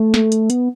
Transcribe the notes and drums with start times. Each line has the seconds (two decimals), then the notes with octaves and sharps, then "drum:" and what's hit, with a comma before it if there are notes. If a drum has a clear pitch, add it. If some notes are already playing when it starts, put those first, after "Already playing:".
Already playing: A3
0.14 drum: snare
0.32 drum: hi-hat
0.50 B3, drum: hi-hat